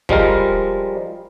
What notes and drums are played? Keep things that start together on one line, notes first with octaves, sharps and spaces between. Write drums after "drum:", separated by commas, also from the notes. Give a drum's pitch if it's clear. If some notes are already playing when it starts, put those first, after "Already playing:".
F3 G3 G#3 A#4, drum: kick